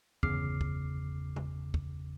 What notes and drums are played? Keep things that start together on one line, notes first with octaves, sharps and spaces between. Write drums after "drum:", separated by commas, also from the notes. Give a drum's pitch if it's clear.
G1 E2 C#3 D6 F6 C7, drum: kick
drum: kick
drum: tom C#3
drum: kick